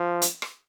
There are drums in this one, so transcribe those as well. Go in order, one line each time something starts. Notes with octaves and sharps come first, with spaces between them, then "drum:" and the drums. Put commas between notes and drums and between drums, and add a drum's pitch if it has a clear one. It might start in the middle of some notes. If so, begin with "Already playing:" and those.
Already playing: F3
drum: hi-hat
drum: rim click